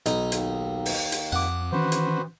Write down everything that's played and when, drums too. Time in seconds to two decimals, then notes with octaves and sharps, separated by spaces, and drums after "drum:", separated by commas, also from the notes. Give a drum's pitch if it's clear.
0.06 B1 D#4, drum: hi-hat
0.32 D#2, drum: hi-hat
0.86 drum: open hi-hat
1.12 drum: hi-hat
1.32 F2 F#5 D6
1.72 D#3 E3 C#4 F#4 B4 C5
1.92 drum: hi-hat